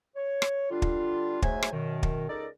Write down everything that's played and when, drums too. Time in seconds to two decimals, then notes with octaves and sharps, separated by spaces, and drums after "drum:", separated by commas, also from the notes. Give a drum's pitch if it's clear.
0.16 C#5
0.42 drum: rim click
0.70 D3 G3 D4 F4
0.82 drum: kick
1.42 G#2 F#3 A3 C5 E5 G#5, drum: kick
1.62 drum: rim click
1.72 F#2 B2 D#3
2.03 drum: kick
2.29 C#2 D#4 A4 A#4 D5